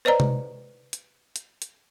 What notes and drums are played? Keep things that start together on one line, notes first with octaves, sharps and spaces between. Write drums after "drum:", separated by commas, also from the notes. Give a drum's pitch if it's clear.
B4 C5 D5 D#5 A#5
drum: tom C3
drum: hi-hat
drum: hi-hat
drum: hi-hat